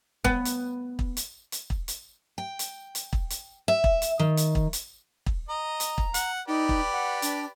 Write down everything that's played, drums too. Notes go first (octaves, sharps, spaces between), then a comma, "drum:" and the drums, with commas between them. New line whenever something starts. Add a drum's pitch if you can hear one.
B3, drum: kick
drum: hi-hat
drum: kick
drum: hi-hat
drum: hi-hat
drum: kick
drum: hi-hat
G5
drum: hi-hat
drum: hi-hat
drum: kick
drum: hi-hat
E5
drum: kick
drum: hi-hat
D#3
drum: hi-hat
drum: kick
drum: hi-hat
drum: kick
D#5 A#5
drum: hi-hat
drum: kick
F#5, drum: hi-hat
D#4 G4 B4 D5
drum: kick
F#5
D4, drum: hi-hat